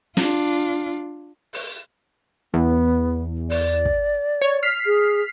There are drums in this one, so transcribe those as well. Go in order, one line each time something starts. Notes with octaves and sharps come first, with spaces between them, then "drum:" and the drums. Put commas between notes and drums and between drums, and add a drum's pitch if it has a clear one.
D4 F4, drum: snare
drum: open hi-hat
E2 B3
D5, drum: open hi-hat
drum: kick
C#5
F6 B6 C7
G#4